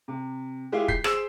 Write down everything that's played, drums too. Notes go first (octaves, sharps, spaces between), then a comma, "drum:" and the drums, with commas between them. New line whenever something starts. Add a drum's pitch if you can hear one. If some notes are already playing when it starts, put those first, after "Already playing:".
C3
G#3 E4 F4 G4 G#4
G6 B6 C7, drum: kick
G#4 C5 E6 D7 E7, drum: rim click